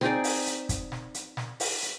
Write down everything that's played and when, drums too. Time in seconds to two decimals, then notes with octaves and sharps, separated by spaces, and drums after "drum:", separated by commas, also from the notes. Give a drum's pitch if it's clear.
0.01 C4 D#4 G#4 D5, drum: snare
0.24 drum: open hi-hat
0.46 drum: hi-hat
0.69 drum: kick, hi-hat
0.92 drum: snare
1.14 drum: hi-hat
1.37 drum: snare
1.60 drum: open hi-hat
1.82 drum: hi-hat